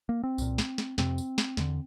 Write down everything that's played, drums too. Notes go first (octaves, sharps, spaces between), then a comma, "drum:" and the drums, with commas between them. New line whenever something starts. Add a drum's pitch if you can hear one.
A#3
C4
C2 A#2, drum: tambourine
drum: snare
drum: snare
F2 C3 C4, drum: snare
drum: tambourine
drum: snare
E2 D3, drum: snare